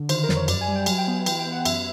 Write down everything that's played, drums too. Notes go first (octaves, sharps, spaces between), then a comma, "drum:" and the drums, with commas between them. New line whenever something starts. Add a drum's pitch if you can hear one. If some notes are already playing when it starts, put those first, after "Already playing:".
Already playing: D3
D#3 C5, drum: cymbal
A#4
F2, drum: snare
C#5
F#2 D5, drum: cymbal
G#5
G3
G5
F#3 G#5, drum: cymbal
G5
B3
E3 G5, drum: cymbal
G5
B3
F#5
F#2 E5, drum: cymbal